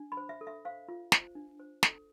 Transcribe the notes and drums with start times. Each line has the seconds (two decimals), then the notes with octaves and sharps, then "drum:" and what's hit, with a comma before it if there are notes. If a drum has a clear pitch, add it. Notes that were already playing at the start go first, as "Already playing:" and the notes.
Already playing: D4
0.12 B5
0.17 C5
0.29 E5
0.41 A4
0.47 E5
0.65 C5 F5
0.88 F4
1.12 C5, drum: snare
1.35 D4
1.60 C5
1.83 A4, drum: snare